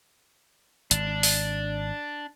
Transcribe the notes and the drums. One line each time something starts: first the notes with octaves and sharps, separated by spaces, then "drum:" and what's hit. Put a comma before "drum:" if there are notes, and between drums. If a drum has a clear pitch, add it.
G#1 D4, drum: hi-hat
drum: open hi-hat